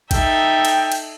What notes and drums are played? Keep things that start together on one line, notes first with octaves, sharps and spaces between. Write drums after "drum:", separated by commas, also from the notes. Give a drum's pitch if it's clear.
D#4 A4 E5 G5, drum: kick G#1, cymbal
drum: cymbal
drum: cymbal